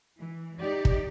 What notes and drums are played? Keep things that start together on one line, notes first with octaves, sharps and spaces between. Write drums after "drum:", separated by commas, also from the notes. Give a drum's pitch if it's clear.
E3
D#4 G4 D5
drum: kick